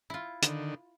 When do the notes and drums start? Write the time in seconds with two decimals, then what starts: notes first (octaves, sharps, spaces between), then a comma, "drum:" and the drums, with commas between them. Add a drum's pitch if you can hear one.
0.10 E4 F4
0.42 D3 D#3, drum: hi-hat